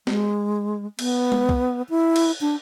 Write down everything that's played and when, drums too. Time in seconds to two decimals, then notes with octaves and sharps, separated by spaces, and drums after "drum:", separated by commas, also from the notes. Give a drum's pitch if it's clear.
0.07 G#3, drum: snare
0.99 B3, drum: cymbal
1.32 drum: tom G#3
1.49 drum: kick
1.90 E4
2.16 drum: cymbal
2.41 D4